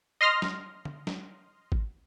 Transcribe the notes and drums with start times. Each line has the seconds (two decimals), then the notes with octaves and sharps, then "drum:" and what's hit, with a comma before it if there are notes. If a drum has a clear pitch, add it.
0.21 D#5 C6 F6 A#6
0.42 drum: snare
0.85 drum: tom D3
1.07 drum: snare
1.72 drum: kick G#1